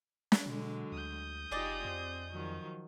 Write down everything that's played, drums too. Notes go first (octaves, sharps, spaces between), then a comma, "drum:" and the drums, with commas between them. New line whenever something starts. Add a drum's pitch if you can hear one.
drum: snare
B2 D3 F#3 G#3
D2 D#6 G6
F1 D#4 F4 G4 G#4 D5 D#5
F2 C4
D#3 F3 F#3